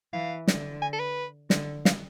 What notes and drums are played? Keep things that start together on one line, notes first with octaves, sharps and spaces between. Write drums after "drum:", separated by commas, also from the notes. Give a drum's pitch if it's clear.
E3 F5
D3, drum: snare
G#5
A4
B4
D3, drum: snare
F5, drum: snare